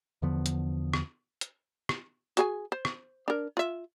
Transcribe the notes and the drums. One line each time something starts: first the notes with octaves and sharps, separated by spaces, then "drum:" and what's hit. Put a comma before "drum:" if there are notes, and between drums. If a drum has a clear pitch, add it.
E2 D3 F3 B3
drum: hi-hat
drum: rim click
drum: hi-hat
drum: rim click
F#4 G#4 G#5, drum: hi-hat
C5
drum: rim click
D4 A#4
F4 E5